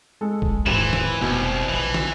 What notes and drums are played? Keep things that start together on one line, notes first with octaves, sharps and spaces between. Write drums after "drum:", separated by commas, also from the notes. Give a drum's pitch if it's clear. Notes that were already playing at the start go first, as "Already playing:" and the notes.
G#3 A4
drum: kick
D#1 G#1 E3 E7
drum: snare
F1 C2 B2 G#5
A#1 C3 E3
drum: snare